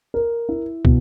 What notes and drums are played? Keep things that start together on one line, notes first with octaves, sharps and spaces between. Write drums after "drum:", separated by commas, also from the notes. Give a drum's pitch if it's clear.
A#4
E4
B2, drum: kick